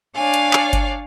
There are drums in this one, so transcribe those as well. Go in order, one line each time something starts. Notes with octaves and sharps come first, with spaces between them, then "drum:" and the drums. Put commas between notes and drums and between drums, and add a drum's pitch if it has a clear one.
D4 C#5 D5 F5 G#5
drum: hi-hat
drum: clap
drum: kick G1, hi-hat